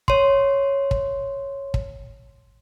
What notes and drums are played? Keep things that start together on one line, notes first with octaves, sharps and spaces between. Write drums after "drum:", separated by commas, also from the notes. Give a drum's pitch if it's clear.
C#5 C6, drum: kick
drum: kick
drum: kick